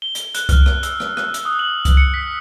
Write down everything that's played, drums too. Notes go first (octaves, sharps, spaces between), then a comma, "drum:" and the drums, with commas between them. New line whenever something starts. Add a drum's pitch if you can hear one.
G7
drum: hi-hat
F#6, drum: hi-hat
F6, drum: kick C2, hi-hat
drum: rim click
E6, drum: hi-hat
drum: rim click
F#6, drum: rim click
drum: hi-hat
D#6
F#7
drum: kick C2, hi-hat
C#7
B6